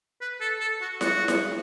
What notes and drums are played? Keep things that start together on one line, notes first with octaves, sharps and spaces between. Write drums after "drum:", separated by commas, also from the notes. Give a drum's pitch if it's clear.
B4
A4
A4
F#4
F#4, drum: snare E4
drum: snare E4